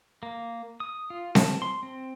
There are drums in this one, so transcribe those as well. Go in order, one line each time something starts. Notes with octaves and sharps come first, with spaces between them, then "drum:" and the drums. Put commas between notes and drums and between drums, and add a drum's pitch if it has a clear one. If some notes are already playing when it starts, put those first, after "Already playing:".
A#3
D#6
F4
A5, drum: snare C4
C6
C4